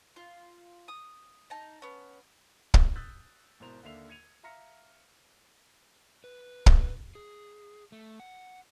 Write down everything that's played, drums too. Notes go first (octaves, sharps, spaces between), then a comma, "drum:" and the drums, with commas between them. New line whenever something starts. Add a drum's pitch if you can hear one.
F4
D#6
D#4 A5
B3 C#4
drum: kick
D#6 E6 F#6 G6 A6 B6
G#1 B2 E4 A#4 C5 F7
D#2 D3 A#3 E5 C7 F7
G#6 C#7 D#7 F7
E5 F5 A#5 F6 A#6 C#7
B4
drum: kick
G#4
A3
F#5